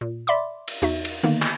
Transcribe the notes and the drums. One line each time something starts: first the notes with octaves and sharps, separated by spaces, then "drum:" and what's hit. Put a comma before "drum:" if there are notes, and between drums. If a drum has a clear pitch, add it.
A#2
D5 E5 B5 C6 D6
drum: cymbal
E2 D#4 F#4 E5
drum: cymbal
D3 D#3 A#3 B3 D#4
drum: clap